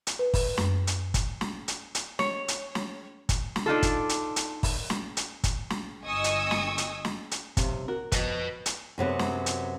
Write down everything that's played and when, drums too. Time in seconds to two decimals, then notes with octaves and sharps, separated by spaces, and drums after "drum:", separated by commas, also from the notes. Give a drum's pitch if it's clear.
0.07 drum: hi-hat
0.19 B4
0.34 drum: kick, open hi-hat
0.58 F#2, drum: snare
0.87 drum: hi-hat
1.14 drum: kick, hi-hat
1.41 drum: snare
1.68 drum: hi-hat
1.95 drum: hi-hat
2.19 C#5, drum: snare
2.48 drum: hi-hat
2.75 drum: snare
3.29 drum: kick, hi-hat
3.56 drum: snare
3.66 D4 D#4 F4 A4
3.83 drum: kick, hi-hat
4.09 drum: hi-hat
4.36 drum: hi-hat
4.63 drum: kick, open hi-hat
4.90 drum: snare
5.17 drum: hi-hat
5.44 drum: kick, hi-hat
5.70 drum: snare
6.04 G1 D#5 G#5 C#6 D#6 E6
6.24 drum: hi-hat
6.51 drum: snare
6.78 drum: hi-hat
7.05 drum: snare
7.31 drum: hi-hat
7.57 B1 C3, drum: kick, hi-hat
7.88 F#4 A#4
8.12 F2 B4 D#5, drum: kick, hi-hat
8.66 drum: hi-hat
8.98 F#2 C3 F#3 B3
9.19 drum: snare
9.46 drum: hi-hat